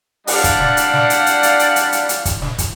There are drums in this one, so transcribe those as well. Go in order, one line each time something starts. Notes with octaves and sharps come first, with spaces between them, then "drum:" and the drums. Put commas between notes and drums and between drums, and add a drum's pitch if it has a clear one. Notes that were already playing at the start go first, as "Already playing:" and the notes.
G3 D4 D5 F5 F#5, drum: open hi-hat
drum: kick, hi-hat
drum: snare
drum: hi-hat
drum: snare
drum: hi-hat
drum: hi-hat
drum: hi-hat
drum: hi-hat
drum: hi-hat
drum: hi-hat
drum: hi-hat
drum: kick, hi-hat
drum: snare
drum: kick, hi-hat